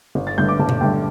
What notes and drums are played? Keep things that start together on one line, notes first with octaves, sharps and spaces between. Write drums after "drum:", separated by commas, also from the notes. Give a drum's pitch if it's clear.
G1
A6
G2 D3 A3 G6
D6
G1 A5
drum: tom A#2
G2 D3 A3 G5